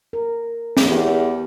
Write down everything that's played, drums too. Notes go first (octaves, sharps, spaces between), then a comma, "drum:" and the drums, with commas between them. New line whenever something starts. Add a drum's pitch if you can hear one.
A#4
drum: snare
E2 B3 G4